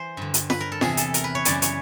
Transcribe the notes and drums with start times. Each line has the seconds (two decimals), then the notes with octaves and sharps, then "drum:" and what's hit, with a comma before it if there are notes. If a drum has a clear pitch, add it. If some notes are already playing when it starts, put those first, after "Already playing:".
Already playing: E3 C5
0.17 G2 D3
0.34 drum: hi-hat
0.50 B4, drum: snare
0.60 A#4
0.72 A4
0.81 E2 C3 E3 G#4, drum: snare
0.97 A4, drum: hi-hat
1.14 A#4, drum: hi-hat
1.24 B4
1.35 C#5
1.45 F#2 C#3 E3 D5, drum: hi-hat
1.62 C#5, drum: hi-hat